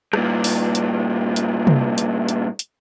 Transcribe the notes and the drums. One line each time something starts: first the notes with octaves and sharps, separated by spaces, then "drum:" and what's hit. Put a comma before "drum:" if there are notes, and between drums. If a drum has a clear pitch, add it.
G2 A#2, drum: rim click
drum: open hi-hat
drum: hi-hat
drum: hi-hat
drum: tom C3
drum: hi-hat
drum: hi-hat
drum: hi-hat